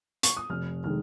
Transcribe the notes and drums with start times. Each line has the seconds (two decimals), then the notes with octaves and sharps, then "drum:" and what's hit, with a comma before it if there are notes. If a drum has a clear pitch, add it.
0.23 C#6, drum: hi-hat
0.37 D#6
0.50 F1 F6
0.84 D#3 G#3 F6